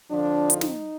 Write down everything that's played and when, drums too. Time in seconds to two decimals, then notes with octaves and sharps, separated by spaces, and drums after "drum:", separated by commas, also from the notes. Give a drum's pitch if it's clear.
0.11 F2 D3 F3 D4
0.50 D#4, drum: hi-hat
0.61 drum: snare